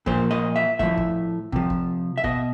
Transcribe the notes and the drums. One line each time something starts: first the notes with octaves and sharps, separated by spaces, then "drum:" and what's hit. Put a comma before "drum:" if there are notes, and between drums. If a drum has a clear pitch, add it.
A#2 F3 C5, drum: kick
D#5
E5
A2 F3 E5, drum: kick
drum: kick
C3 F3, drum: kick
drum: kick
E5
B2 D#5, drum: kick